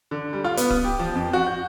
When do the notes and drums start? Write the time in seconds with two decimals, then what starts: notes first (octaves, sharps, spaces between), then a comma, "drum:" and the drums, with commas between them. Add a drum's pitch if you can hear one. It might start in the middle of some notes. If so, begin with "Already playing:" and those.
0.11 D3
0.33 G3
0.44 F4
0.57 B3, drum: hi-hat
0.70 D#6, drum: kick D1
0.85 G4
0.99 F3
1.15 F2
1.33 F#4
1.47 G6